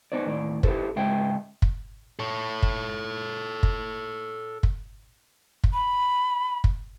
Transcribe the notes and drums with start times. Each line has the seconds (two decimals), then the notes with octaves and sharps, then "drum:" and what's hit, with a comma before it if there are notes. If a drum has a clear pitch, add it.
0.12 B3 D#4 C5 D5
0.26 D#2 A2 D5
0.63 E4 G4 A4 C5, drum: kick
0.96 C#2 G#2 G#3 E5 G5
1.62 drum: kick
2.19 A4 C#5
2.63 drum: kick
3.63 drum: kick
4.63 drum: kick
5.64 drum: kick
5.73 B5
6.64 drum: kick